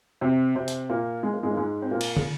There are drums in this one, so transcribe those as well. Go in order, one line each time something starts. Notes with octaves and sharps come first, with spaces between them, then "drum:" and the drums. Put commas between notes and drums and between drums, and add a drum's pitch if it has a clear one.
C3 C4
C3 C4
drum: hi-hat
A#2 A#3
G#3
A#3
G#2 G#3
A#3
G#2 G#3
C4
A#2 A#3
drum: cymbal
drum: tom